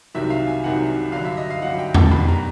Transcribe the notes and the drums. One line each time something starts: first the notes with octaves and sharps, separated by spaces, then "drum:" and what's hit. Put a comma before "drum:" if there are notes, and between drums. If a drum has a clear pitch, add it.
C2 C3 D#3 F#3 E5
F5
G#5
C2 C3 D#3 F#3 F#5
G2 D3 F#3 F5
E5
D#5
F5
G2 D3 F#3 F#5
G5
A5, drum: tom E2
B1 B2 G3 B5
A#5